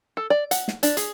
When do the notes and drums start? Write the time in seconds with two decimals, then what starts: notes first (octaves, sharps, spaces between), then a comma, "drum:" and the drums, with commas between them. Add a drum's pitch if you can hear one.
0.17 A4
0.30 D5
0.51 F#5, drum: hi-hat
0.68 drum: snare
0.83 D4, drum: hi-hat
0.97 G#4, drum: hi-hat